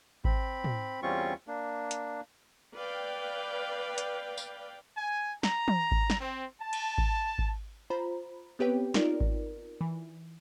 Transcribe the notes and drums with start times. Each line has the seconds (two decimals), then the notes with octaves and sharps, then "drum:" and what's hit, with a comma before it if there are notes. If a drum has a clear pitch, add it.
0.25 C4 B5, drum: kick G#1
0.64 drum: tom
1.02 E2 G3 C4 C#4 F4 C#6
1.47 A#3 D4
1.91 drum: hi-hat
2.76 B4 D5 F5 G5
3.98 drum: hi-hat
4.38 drum: tambourine
4.97 G#5
5.43 A#5, drum: snare
5.68 drum: tom
5.91 drum: kick G#1
6.10 drum: snare
6.20 C4
6.61 A5
6.73 drum: cymbal
6.98 drum: kick G#1
7.38 drum: kick G#1
7.90 F4 C5 A#5 B5
8.59 B3 C4 G4 B4 C#5 G5
8.94 D#4 F4 A#4 D5, drum: snare
9.20 drum: kick G#1
9.81 E3